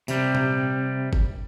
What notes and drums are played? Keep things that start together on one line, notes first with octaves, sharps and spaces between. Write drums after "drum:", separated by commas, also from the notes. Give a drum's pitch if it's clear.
C3 G3, drum: tambourine
drum: tom A#2
drum: kick G1